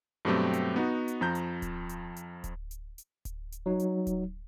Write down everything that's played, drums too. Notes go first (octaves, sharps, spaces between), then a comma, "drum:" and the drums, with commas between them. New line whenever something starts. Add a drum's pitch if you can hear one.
G2 B2 F#3 A3 C4 G4
drum: hi-hat
B3 D#4 F#4
drum: hi-hat
F2 F3 A#5 G6
drum: hi-hat
drum: kick D1, hi-hat
drum: hi-hat
drum: hi-hat
drum: kick D1, hi-hat
drum: hi-hat
drum: hi-hat
drum: kick D1, hi-hat
drum: hi-hat
F#3 D#4
drum: hi-hat
drum: kick D1, hi-hat